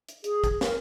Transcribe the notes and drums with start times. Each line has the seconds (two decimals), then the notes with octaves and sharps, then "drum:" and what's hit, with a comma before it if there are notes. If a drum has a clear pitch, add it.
0.09 drum: hi-hat
0.24 G#4, drum: hi-hat
0.44 drum: kick, hi-hat
0.61 A#4, drum: snare